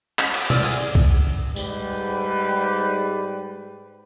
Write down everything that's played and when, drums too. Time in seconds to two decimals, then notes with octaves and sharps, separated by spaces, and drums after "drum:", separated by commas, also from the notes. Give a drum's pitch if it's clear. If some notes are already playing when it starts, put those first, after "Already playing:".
0.19 C#4 B5 E6 G6, drum: clap
0.34 D6, drum: cymbal
0.50 C4 D5 D#6 F6, drum: tom
0.64 E4 G#4
0.95 drum: kick C2
1.56 G#2 G3 B4, drum: tambourine